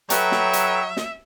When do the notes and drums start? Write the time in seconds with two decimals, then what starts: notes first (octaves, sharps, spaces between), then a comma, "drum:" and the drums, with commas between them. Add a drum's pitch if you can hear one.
0.10 F#3 A4 B4 C#5 E5 G5 A#5, drum: hi-hat
0.32 drum: snare
0.53 drum: hi-hat
0.97 drum: snare